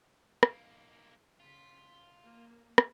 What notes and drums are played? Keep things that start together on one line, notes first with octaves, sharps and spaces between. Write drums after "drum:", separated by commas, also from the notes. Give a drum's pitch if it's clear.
B1 A#3, drum: rim click
C#3 F4 B6
A#3
drum: rim click